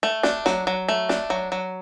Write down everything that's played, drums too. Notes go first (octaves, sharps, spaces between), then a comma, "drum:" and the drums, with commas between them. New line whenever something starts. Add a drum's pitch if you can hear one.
A3
D4, drum: snare
F#3, drum: snare
F#3
A3
D4, drum: snare
F#3
F#3